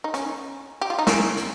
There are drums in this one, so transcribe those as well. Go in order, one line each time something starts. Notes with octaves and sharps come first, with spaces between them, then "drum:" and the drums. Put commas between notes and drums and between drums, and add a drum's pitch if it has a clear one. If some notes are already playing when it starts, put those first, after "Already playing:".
D#4
C#4, drum: hi-hat
G4
F4
D#4
C#4, drum: snare
drum: hi-hat